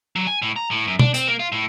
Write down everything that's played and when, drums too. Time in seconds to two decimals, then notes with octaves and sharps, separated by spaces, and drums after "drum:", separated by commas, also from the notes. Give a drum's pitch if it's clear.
0.16 F#3
0.27 G#5
0.42 A2
0.56 A#5
0.71 A2
0.87 F#2
0.99 D4, drum: tom
1.14 C4, drum: hi-hat
1.27 A#3
1.40 F4
1.52 A2